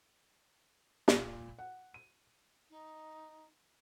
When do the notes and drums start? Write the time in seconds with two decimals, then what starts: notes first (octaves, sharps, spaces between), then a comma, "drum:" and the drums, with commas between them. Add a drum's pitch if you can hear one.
1.08 A#2, drum: snare
1.59 F#5
1.94 D#7
2.70 D#4